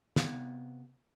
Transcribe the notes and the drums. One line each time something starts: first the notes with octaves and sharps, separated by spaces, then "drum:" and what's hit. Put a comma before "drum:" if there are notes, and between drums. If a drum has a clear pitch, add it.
C3 B3 F5, drum: snare